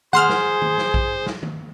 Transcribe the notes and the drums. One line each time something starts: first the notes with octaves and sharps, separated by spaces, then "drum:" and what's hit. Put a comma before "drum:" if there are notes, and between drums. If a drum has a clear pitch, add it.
G#4 C5 F#5 C6 F6, drum: tom D#3
drum: snare
drum: tom D#3
drum: snare
drum: kick A#1
drum: snare
drum: tom D#3